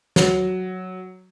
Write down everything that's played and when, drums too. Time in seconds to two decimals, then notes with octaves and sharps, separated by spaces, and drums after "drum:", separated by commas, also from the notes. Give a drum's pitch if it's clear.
0.16 F#3, drum: snare